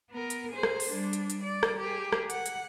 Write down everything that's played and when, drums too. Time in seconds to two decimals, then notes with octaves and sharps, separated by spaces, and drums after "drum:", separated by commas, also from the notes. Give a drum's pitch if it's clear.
0.11 B3 A#4
0.30 drum: hi-hat
0.52 G#4 C5
0.63 drum: rim click
0.80 drum: open hi-hat
0.90 G3 D4
1.13 drum: hi-hat
1.30 drum: hi-hat
1.43 D5
1.63 drum: rim click
1.79 G4 G#4
2.12 drum: rim click
2.30 F#5, drum: hi-hat
2.46 drum: hi-hat